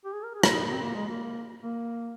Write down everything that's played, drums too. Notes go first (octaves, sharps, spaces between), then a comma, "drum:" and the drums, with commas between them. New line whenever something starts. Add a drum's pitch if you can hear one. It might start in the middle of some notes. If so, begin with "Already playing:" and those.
G4
G#4
A#4
G#4
F4, drum: rim click
D#4
A#3
C4
A#3
G#3
A#3
A#3